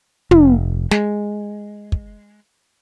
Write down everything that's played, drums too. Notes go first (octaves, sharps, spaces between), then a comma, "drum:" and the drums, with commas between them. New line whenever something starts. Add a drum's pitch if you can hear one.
F1, drum: tom
G#3, drum: snare
drum: kick